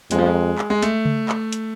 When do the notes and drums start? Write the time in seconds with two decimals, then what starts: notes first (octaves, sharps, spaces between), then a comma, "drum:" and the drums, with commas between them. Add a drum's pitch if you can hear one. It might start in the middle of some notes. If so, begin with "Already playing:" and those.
0.11 F2 G#3, drum: hi-hat
0.18 F3
0.26 G#3
0.58 drum: clap
0.70 G#3
0.82 A3, drum: hi-hat
1.05 drum: tom C#3
1.29 drum: clap
1.53 drum: hi-hat